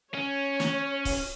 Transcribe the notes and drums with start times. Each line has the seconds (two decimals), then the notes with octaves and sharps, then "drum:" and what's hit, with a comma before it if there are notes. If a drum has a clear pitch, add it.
0.14 C#4 C#5
0.60 drum: snare
1.05 drum: kick, open hi-hat